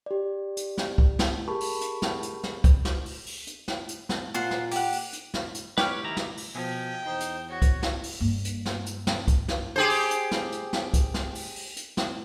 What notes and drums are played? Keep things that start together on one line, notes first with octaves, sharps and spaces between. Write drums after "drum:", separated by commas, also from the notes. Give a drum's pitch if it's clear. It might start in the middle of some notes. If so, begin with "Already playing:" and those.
G4 D5
drum: hi-hat
drum: snare
drum: kick C2
drum: snare
G4 G#4 A#4 A5 B5 C#6
drum: open hi-hat
drum: hi-hat
drum: snare
drum: hi-hat
drum: snare
drum: kick C2, hi-hat
drum: snare
drum: open hi-hat
drum: open hi-hat
drum: hi-hat
drum: snare
drum: hi-hat
drum: snare
A#2 F4 C5 F#5
drum: snare
G4 F#5, drum: open hi-hat
drum: open hi-hat
drum: hi-hat
drum: snare
drum: hi-hat
G4 B4 C#5 F6, drum: snare
D#3 E4 A#5
drum: snare
drum: open hi-hat
B2 F3 D#5 G5 G#5
E2 D#4 C5
drum: hi-hat
F#4 C#5
drum: kick C2, hi-hat
drum: snare
drum: open hi-hat
G2 A#3
drum: hi-hat
drum: snare
drum: hi-hat
drum: snare
drum: kick C2, hi-hat
drum: snare
G4 G#4 C5
drum: open hi-hat
drum: hi-hat
drum: snare
drum: hi-hat
drum: snare
drum: kick C2, hi-hat
drum: snare
drum: open hi-hat
drum: open hi-hat
drum: hi-hat
drum: snare